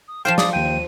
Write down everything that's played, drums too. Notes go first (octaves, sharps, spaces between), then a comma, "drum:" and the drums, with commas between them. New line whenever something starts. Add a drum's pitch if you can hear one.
D#6
F3 F4 C5 F5 G5 E7
D5 D#6, drum: snare
D#2 G5 D#7